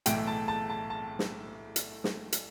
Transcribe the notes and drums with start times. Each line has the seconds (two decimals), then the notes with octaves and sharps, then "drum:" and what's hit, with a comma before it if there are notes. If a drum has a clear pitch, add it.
0.06 B1 A2 E3 A3 G5, drum: hi-hat
0.27 A5
0.48 A5
0.70 A5
0.90 A5
1.19 drum: snare
1.76 drum: hi-hat
2.04 drum: snare
2.32 drum: hi-hat